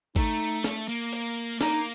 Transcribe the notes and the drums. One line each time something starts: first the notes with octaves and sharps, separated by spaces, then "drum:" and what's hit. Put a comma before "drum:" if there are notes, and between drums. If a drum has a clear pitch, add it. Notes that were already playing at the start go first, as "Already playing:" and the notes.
A3 D#4, drum: kick G#1, hi-hat
drum: snare
A#3
drum: hi-hat
A#3 D#4, drum: snare